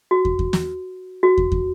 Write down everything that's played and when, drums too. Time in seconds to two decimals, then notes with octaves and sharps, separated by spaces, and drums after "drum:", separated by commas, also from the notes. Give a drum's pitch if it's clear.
0.11 F#4
0.25 drum: kick
0.39 drum: kick
0.53 drum: snare
1.23 F#4
1.38 drum: kick
1.52 drum: kick